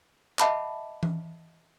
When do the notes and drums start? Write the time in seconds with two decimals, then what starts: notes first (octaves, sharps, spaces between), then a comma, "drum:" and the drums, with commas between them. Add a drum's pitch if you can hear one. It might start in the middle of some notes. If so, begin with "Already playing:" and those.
0.39 D#5 E5 F#5 A5 B5 D6, drum: clap
1.03 drum: tom E3